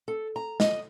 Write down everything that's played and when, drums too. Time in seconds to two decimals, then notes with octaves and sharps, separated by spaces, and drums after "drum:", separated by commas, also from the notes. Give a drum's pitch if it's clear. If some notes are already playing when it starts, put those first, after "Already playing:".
0.08 A4
0.36 A#5
0.60 D#5, drum: snare